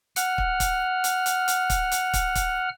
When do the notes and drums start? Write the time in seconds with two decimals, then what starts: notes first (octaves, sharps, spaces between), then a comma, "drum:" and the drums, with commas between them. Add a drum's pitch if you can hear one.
0.16 F#5 F6, drum: hi-hat
0.38 drum: kick
0.60 drum: kick, hi-hat
1.04 drum: hi-hat
1.26 drum: hi-hat
1.48 drum: hi-hat
1.70 drum: kick, hi-hat
1.92 drum: hi-hat
2.13 drum: kick, hi-hat
2.35 drum: kick, hi-hat